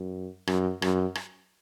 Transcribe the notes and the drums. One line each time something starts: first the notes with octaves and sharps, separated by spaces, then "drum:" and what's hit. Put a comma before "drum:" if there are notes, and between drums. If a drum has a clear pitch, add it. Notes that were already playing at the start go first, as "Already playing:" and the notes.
Already playing: F#2
F#2, drum: rim click
F#2, drum: rim click
drum: rim click